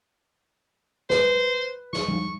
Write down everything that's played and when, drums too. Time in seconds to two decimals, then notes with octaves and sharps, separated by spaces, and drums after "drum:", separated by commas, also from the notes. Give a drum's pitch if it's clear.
1.10 B4 C5, drum: snare
1.93 C#6, drum: snare
2.08 drum: tom G3